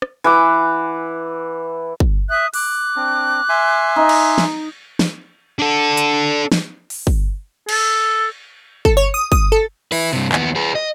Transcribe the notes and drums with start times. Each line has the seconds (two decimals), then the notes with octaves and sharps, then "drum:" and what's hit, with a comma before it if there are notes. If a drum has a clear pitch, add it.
0.02 drum: rim click
0.24 E3 F#5 D6
2.00 drum: kick
2.29 E5 D#6 F#6
2.54 D6 F#6, drum: open hi-hat
2.96 C4 D4
3.49 E5 G#5 C6
3.96 D#4
4.09 drum: cymbal
4.38 drum: snare
4.99 drum: snare
5.59 D4 A4
5.97 drum: hi-hat
6.52 drum: snare
6.90 drum: open hi-hat
7.07 drum: kick
7.69 A4, drum: cymbal
8.85 A4, drum: kick
8.97 C#5
9.14 D#6
9.32 D#6, drum: kick
9.52 A4
9.92 E4 B4, drum: open hi-hat
10.13 G2 C3
10.32 D#2 B3, drum: clap
10.56 G#4 B4
10.75 D#5